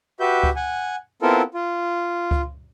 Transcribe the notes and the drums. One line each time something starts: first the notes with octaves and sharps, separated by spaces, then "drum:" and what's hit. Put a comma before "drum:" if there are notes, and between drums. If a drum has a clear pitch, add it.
F#4 G4 B4 E5 G6
drum: kick C#2
F#5 G#5
B3 C4 E4 F4 A4 A#4
F4
drum: kick C#2